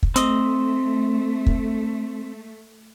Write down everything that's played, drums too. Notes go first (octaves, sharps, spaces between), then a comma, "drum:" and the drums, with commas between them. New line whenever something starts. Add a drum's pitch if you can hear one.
drum: kick
A3 C4 D#5, drum: hi-hat
drum: kick